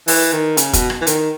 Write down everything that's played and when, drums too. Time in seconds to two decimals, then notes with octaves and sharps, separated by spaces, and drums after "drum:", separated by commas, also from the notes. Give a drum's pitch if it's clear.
0.08 E3, drum: open hi-hat
0.32 D#3
0.57 C#3, drum: hi-hat
0.73 B2, drum: kick, hi-hat
0.90 drum: rim click
1.01 E3
1.07 D#3, drum: hi-hat